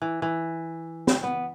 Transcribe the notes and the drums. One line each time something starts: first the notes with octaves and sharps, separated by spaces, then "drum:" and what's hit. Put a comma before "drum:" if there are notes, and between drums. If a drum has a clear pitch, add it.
E3
E3
drum: snare
B3